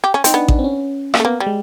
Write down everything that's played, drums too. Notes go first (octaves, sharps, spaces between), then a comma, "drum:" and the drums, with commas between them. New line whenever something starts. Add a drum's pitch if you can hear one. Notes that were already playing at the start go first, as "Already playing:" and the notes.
G4
C#4
C4 D#4, drum: hi-hat
B3 D4
D4, drum: kick A1
C4
C#4
A#3, drum: rim click
A3
A#3 B3
G3
G#3